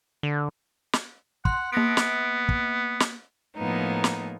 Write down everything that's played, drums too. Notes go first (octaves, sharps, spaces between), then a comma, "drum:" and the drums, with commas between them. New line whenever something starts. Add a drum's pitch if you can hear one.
D3
drum: snare
F#5 C6 F#6, drum: kick
A#3 B3 A#6 D7
drum: snare
drum: kick
drum: snare
A2 F3 A#3 B3 D#4
drum: snare